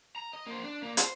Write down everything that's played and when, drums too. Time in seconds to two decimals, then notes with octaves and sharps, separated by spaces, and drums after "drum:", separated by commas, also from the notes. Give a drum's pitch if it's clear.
0.16 A#5
0.33 D#5
0.46 A#3 C5
0.63 D4
0.82 A#3 D5
0.97 C5, drum: hi-hat